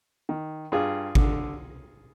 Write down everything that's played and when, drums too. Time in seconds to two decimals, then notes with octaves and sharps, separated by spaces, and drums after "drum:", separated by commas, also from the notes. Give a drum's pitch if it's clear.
0.29 D#3
0.72 G2 F4 G#4
1.15 D3, drum: kick G#1